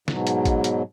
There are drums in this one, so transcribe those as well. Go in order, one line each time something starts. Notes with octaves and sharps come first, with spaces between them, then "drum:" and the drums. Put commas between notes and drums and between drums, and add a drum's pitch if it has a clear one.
G#2 B2 F#3, drum: snare
drum: hi-hat
drum: kick, hi-hat
drum: hi-hat